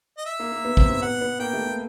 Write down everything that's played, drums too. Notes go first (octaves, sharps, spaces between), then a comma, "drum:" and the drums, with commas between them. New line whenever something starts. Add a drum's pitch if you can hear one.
D#5
E5
A#3
A#3
B3
C4, drum: kick A1
C4
B3 F#5
B3
A#3 G5
A3
A#3